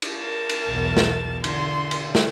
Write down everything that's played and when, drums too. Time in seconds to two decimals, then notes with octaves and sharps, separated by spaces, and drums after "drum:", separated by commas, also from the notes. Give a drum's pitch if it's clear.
0.02 drum: cymbal
0.18 A#4 A5
0.49 drum: cymbal
0.68 B1 E2
0.97 drum: snare
1.44 D3 C6, drum: cymbal
1.91 drum: cymbal
2.15 drum: snare